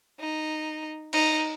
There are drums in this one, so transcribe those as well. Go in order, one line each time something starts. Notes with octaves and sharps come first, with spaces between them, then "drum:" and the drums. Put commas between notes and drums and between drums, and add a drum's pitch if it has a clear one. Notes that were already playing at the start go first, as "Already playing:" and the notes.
D#4
D#4, drum: cymbal